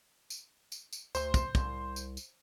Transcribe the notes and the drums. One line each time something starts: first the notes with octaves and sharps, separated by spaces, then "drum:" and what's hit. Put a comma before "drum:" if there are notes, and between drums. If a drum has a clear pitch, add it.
drum: tambourine
drum: tambourine
drum: tambourine
D2 C5 C6, drum: tambourine
drum: kick, tambourine
C2, drum: kick, tambourine
drum: tambourine
drum: tambourine